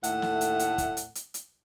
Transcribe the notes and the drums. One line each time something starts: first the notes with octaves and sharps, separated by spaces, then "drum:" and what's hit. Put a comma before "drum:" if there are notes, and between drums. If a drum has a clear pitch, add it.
D#2 A2 A3 A4 E5 F#5, drum: hi-hat
drum: snare
drum: hi-hat
drum: hi-hat
drum: kick, hi-hat
drum: hi-hat
drum: hi-hat
drum: hi-hat